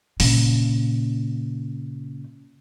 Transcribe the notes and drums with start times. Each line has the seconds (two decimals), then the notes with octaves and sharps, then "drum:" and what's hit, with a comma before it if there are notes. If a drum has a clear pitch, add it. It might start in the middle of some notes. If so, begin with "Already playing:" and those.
0.20 A#2 C#3, drum: open hi-hat